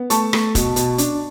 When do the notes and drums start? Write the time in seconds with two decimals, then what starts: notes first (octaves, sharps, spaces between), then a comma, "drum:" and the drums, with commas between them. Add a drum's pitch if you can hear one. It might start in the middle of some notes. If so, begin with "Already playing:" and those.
Already playing: B3
0.10 A3 A5 C#6, drum: hi-hat
0.33 A3, drum: rim click
0.55 B2, drum: kick, hi-hat
0.76 B2, drum: hi-hat
0.98 D4, drum: hi-hat